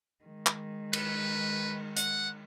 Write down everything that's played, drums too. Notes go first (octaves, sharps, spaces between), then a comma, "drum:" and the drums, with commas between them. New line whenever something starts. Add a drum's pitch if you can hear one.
D#3 G#3
drum: clap
B4, drum: cymbal
F#5, drum: hi-hat